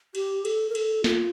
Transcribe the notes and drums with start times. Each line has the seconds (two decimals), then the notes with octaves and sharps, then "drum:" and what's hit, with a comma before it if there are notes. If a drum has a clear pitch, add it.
0.15 G4, drum: cymbal
0.45 A4, drum: cymbal
0.70 A#4
0.75 A4, drum: cymbal
1.04 F4, drum: snare